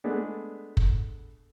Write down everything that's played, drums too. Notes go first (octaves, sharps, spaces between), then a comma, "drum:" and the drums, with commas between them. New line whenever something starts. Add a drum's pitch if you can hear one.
G#3 A3 B3 D4
drum: kick